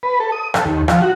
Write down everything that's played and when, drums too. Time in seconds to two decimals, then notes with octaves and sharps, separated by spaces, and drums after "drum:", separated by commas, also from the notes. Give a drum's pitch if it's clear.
0.03 B4
0.20 A4
0.32 D#6
0.54 A4, drum: rim click
0.65 D#2
0.88 F3, drum: rim click
1.02 F#4